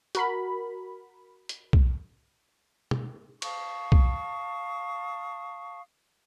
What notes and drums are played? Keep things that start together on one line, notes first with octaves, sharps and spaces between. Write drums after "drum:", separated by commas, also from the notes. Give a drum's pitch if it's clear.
F#4 A#4 B5, drum: hi-hat
drum: hi-hat
drum: kick B1
drum: tom B2
F5 A5 C#6 D#6, drum: cymbal
drum: kick B1